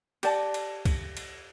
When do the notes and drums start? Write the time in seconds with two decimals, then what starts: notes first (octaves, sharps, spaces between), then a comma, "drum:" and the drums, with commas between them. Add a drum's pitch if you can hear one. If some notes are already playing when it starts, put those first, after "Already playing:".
0.23 G4 D5 A5, drum: cymbal
0.54 drum: cymbal
0.85 drum: kick C2, cymbal
1.17 drum: cymbal